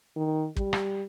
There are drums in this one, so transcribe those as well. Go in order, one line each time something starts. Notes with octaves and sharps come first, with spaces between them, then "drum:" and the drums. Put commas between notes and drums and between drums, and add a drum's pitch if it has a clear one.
D#3
G3, drum: kick
drum: rim click